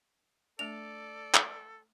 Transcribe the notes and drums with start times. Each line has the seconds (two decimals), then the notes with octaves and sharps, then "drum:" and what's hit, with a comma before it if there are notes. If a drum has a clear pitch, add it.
0.59 A3 D4 A4 D5 F7
1.34 drum: clap